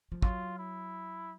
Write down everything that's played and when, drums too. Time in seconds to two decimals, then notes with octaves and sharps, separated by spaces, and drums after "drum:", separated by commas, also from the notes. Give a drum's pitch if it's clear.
0.12 F3
0.22 F#3 F4, drum: kick
0.58 E4